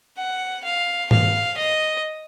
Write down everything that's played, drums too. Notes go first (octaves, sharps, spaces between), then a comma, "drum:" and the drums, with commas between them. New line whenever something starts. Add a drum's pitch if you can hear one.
F#5
F5
F5, drum: tom G#2
D#5